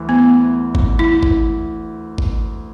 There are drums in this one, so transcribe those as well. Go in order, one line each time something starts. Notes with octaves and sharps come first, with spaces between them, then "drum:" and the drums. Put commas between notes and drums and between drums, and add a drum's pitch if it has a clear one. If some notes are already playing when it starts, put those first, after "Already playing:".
Already playing: D2 E3
B3
drum: kick G1
E4
drum: kick G1
drum: kick G1